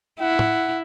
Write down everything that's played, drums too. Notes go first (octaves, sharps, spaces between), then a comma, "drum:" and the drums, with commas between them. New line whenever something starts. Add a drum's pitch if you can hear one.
E4 F#5
drum: tom